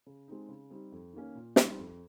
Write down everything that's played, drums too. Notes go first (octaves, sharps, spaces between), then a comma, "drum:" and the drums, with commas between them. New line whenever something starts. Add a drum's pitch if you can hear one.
C#3
G#3 C4 D#4
C#3
G3 C4 D#4
F2
D#3 A#3 C#4
A#2
G3 C4 D#4, drum: snare
F2